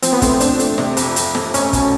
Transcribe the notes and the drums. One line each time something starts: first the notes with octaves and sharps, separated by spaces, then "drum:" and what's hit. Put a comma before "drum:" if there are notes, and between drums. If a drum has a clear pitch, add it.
F3 C4, drum: hi-hat
B3
A3 C4, drum: kick, hi-hat
D4, drum: hi-hat
A3, drum: hi-hat
C3, drum: snare
F2, drum: hi-hat
F2, drum: hi-hat
F2, drum: snare
F1 C#4, drum: hi-hat
B2, drum: kick, hi-hat